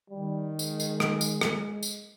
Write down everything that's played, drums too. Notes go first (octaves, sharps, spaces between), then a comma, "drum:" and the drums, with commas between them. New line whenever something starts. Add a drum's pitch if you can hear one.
D#3 G3
G#3, drum: tambourine
drum: tambourine
drum: rim click
drum: tambourine
drum: rim click
drum: tambourine